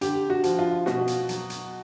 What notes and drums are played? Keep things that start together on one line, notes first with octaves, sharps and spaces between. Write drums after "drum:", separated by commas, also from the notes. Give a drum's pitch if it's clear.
D3 G4, drum: hi-hat
F#4
F3, drum: hi-hat
F4
B2 F#4, drum: snare
drum: hi-hat
F#3, drum: hi-hat
drum: hi-hat